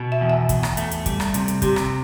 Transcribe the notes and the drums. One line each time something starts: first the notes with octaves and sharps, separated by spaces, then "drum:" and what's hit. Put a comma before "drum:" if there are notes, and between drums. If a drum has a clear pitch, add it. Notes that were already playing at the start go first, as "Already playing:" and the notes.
Already playing: B2
E5
E2
E5
E2, drum: kick, hi-hat
drum: rim click
A3, drum: hi-hat
drum: hi-hat
G3, drum: kick, hi-hat
drum: rim click
C3, drum: hi-hat
drum: hi-hat
C3 G4, drum: kick, hi-hat
drum: rim click